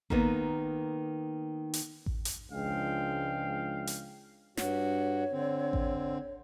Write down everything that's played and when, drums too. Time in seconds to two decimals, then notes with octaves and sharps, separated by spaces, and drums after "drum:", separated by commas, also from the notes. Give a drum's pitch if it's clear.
0.10 D#3 A#3 B3, drum: kick A1
1.74 drum: hi-hat
2.06 drum: kick A1
2.25 drum: hi-hat
2.52 C#2 F3 G#3 D4 F5 G5
3.87 drum: hi-hat
4.57 G2 F#4 C#5, drum: snare
5.32 D3 C4
5.73 drum: kick A1